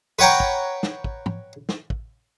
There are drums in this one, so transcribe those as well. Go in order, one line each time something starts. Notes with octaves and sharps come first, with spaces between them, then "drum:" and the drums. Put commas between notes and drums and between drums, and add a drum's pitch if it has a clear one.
B4 C#5 F#5 G5 A#5
drum: kick
drum: snare
drum: kick
drum: tom
drum: snare
drum: kick